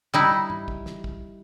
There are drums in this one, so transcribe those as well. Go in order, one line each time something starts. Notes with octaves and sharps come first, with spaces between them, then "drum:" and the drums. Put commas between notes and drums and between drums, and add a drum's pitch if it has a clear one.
G3 D#4 E4
drum: tom
drum: kick
drum: snare
drum: kick